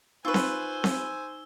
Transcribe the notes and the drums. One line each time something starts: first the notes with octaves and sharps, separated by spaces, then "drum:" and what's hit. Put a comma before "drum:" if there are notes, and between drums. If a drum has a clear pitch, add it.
D#4 F4 B4 C5 G#5 C6 C#6 E6
drum: snare C4
drum: snare C4